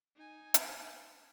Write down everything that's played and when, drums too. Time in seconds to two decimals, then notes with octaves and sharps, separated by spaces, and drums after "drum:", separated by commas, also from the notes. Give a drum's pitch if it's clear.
0.16 D#4 G#5
0.54 drum: hi-hat